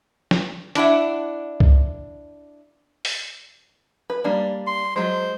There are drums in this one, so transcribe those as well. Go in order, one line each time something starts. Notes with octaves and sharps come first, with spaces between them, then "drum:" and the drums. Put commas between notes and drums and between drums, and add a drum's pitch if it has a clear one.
drum: snare
D4 E4 E5 F#5, drum: hi-hat
drum: kick C2
drum: open hi-hat
B4
G3 A#3 D4
C6
F#3 G#3 C5